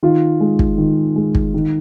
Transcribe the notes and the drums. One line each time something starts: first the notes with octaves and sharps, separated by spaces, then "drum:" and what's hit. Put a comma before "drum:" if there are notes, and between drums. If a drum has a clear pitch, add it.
D#3 F4
G#3
drum: kick
D#3
G#3
drum: kick
D#3